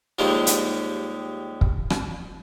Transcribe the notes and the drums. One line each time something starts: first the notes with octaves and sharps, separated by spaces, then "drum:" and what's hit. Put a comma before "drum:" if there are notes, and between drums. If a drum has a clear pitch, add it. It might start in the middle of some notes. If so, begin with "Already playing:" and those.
D#2 D#3 F3 G3 G#3
drum: hi-hat
drum: kick
drum: rim click